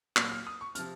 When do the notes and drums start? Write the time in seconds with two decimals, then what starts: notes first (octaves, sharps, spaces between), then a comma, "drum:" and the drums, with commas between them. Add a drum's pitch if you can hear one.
0.16 A#2 F#3 A#3 F6, drum: clap
0.32 F6
0.47 D#6
0.61 C#6
0.75 C3 F3 F6, drum: hi-hat